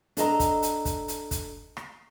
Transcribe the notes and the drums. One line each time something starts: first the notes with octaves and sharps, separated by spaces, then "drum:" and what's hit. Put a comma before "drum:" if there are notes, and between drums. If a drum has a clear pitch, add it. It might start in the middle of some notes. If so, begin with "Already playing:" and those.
D4 A4 D#5 A#5, drum: hi-hat
drum: kick, hi-hat
drum: hi-hat
drum: kick, hi-hat
drum: hi-hat
drum: kick, hi-hat
drum: rim click